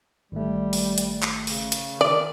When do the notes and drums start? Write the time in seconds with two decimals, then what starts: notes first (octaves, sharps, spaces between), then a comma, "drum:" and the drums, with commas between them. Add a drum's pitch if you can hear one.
0.32 G#1 G3 A3
0.73 drum: open hi-hat
0.98 drum: hi-hat
1.22 drum: clap
1.47 C#3, drum: open hi-hat
1.72 drum: hi-hat
2.01 D#3 D5